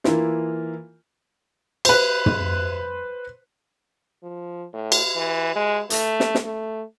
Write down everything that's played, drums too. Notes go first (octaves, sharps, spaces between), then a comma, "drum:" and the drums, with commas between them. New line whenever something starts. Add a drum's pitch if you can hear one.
E3 A#3 E4 F4, drum: snare
B4 C5, drum: cymbal
drum: tom
F3
A2
drum: cymbal
E3
G#3
A3, drum: hi-hat
drum: snare
drum: snare
A3